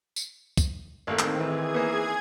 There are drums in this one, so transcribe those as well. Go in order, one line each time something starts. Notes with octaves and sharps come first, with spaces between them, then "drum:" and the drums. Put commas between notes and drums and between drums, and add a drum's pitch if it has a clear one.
drum: tambourine
drum: kick, tambourine
A1 D#3 A3 A#3 C4
drum: clap
E3 G#4 G#6
A#3 B3